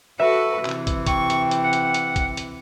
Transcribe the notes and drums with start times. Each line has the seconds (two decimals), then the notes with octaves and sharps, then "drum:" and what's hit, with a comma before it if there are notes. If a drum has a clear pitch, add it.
0.19 F#4 A4 B4 E5
0.65 C3 E3, drum: clap
0.87 drum: kick, hi-hat
1.06 G5 C#6, drum: kick, hi-hat
1.30 drum: hi-hat
1.51 drum: hi-hat
1.63 F#5
1.73 drum: hi-hat
1.94 drum: hi-hat
2.16 drum: kick, hi-hat
2.37 drum: hi-hat